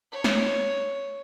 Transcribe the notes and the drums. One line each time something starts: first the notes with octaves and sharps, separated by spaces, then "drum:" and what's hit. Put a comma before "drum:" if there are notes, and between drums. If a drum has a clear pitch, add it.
C#5
drum: snare